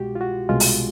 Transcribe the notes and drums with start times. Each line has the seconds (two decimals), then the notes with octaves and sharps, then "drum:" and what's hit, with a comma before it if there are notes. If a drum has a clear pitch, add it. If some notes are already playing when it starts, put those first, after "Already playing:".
Already playing: C2 B2 G#3 F#4 G4
0.15 F4
0.21 F#4
0.49 C2 B2 G#3 F4
0.60 drum: open hi-hat